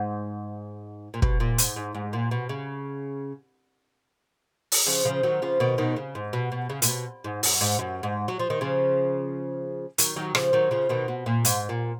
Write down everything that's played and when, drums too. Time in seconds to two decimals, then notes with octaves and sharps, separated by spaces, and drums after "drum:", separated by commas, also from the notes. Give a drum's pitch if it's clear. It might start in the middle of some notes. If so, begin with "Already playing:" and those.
Already playing: G#2
1.14 A#2
1.22 B2, drum: kick
1.40 A#2
1.58 G#2, drum: hi-hat
1.76 G#2
1.95 G#2
2.13 A#2
2.31 B2
2.49 C#3
4.72 drum: open hi-hat
4.87 C#3 F3
5.05 C#3 F3
5.23 D#3 F#3
5.42 C#3 F3
5.60 B2 D#3
5.78 B2 D#3
5.96 C#3
6.15 G#2
6.33 B2
6.52 B2
6.70 C#3
6.82 A#2, drum: hi-hat
6.88 B2
7.24 G#2
7.43 F#2, drum: open hi-hat
7.61 G#2
7.79 F#2
8.03 G#2
8.28 F#3
8.39 F3
8.50 D#3
8.61 C#3 F3
9.98 D#3 F#3, drum: hi-hat
10.16 D#3 F#3
10.35 C#3 F3, drum: rim click
10.53 D#3 F#3
10.71 C#3 F3
10.89 B2 D#3
11.08 B2
11.26 A#2
11.45 G#2, drum: hi-hat
11.69 A#2